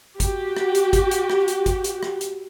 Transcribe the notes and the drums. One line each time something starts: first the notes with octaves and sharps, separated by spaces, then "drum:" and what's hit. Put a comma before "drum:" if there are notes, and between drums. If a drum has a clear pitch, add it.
F#4 G4, drum: kick G1, hi-hat
drum: rim click
drum: hi-hat
drum: kick G1, hi-hat
drum: hi-hat
drum: rim click
drum: hi-hat
drum: kick G1, hi-hat
drum: hi-hat
drum: rim click
drum: hi-hat